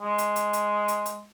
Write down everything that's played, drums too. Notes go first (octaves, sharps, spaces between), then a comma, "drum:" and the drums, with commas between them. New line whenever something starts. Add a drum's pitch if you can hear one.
G#3
drum: hi-hat
drum: hi-hat
drum: hi-hat
drum: hi-hat
drum: hi-hat